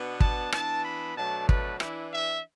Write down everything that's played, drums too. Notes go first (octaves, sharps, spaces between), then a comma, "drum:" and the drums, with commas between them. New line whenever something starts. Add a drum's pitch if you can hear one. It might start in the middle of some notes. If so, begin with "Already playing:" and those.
Already playing: B2 B3 D4
A5, drum: kick
E3 B3 D4 A5, drum: rim click
B5
B2 F#3 A3 D4 A5
B4, drum: kick
E3 D4 E4, drum: rim click
E5